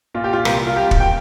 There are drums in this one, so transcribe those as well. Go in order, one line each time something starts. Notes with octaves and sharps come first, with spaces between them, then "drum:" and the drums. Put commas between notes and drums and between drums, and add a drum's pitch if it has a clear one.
A#2 F4
G4
F4
C2 A#4, drum: rim click
F4
A#3 G4
drum: kick
G5